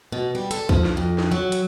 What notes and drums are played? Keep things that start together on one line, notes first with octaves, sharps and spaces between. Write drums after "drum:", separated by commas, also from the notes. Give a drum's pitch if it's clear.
B2
G3
A4, drum: hi-hat
F3, drum: kick C2
drum: snare
F2
drum: snare
F#3
drum: hi-hat